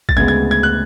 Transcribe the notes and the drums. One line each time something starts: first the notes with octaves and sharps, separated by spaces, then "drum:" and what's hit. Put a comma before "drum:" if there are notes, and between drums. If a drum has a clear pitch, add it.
A6, drum: kick
D2 C#3 G#3 B3 G#6
G#6
G#6
F#6